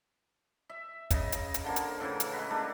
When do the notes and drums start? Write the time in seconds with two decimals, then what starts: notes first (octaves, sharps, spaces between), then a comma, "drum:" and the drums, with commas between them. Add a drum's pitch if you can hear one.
0.69 E5
1.10 C#3 D#5, drum: kick, hi-hat
1.32 drum: hi-hat
1.54 drum: hi-hat
1.64 D3 F3 A#3
1.76 drum: hi-hat
2.00 A2 C#3 E3
2.20 drum: hi-hat
2.32 G#3 F#4 B4 A#5
2.51 A3 A#3 D4